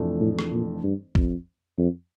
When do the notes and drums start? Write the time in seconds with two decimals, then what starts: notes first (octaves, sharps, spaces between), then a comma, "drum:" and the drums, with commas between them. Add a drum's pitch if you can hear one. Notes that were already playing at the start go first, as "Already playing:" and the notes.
Already playing: F1 F2 E3 A3 D4
0.20 A2
0.39 drum: rim click
0.52 A#2
0.84 G2
1.15 F2, drum: kick
1.78 F2